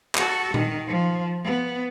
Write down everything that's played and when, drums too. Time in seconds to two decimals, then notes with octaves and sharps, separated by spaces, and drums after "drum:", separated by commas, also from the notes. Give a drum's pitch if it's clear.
0.15 F#4 A4, drum: clap
0.54 D#3, drum: tom A#2
0.87 F3
1.44 B3